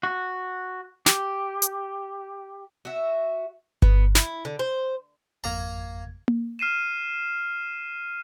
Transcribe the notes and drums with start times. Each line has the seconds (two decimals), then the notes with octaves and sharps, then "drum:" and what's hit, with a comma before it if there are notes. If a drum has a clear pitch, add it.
0.03 F#4
1.06 G4, drum: snare
1.62 drum: hi-hat
2.85 F#4 E5
3.82 B3, drum: kick G1
4.15 E4, drum: snare
4.45 D3
4.59 C5
5.44 G#1 F2 A#3 A#5 G#6
6.28 drum: tom A#3
6.59 F6 C7 D#7 E7